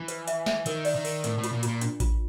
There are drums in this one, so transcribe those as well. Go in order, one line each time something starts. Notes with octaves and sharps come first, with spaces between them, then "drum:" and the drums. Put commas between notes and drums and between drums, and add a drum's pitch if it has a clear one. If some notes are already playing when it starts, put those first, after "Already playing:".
Already playing: E3
B4, drum: hi-hat
E5, drum: hi-hat
E5, drum: snare
D#3 A#4, drum: hi-hat
D5, drum: open hi-hat
D#3
A#4, drum: open hi-hat
A2 A#4, drum: hi-hat
A2
F4, drum: hi-hat
A#2
A#2 F4, drum: hi-hat
D4, drum: hi-hat
F4, drum: kick A1, hi-hat